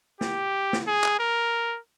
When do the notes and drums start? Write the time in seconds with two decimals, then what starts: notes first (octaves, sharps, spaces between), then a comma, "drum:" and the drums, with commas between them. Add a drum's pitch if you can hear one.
0.21 G4, drum: snare
0.73 drum: snare
0.87 G#4
1.04 drum: clap
1.19 A#4